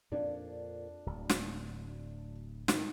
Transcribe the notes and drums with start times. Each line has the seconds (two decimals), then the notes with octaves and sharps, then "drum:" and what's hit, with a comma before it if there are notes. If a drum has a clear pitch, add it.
0.12 F2 A#2 D4
1.06 D1 D2
1.29 drum: snare
2.68 A2 D#3 D#4, drum: snare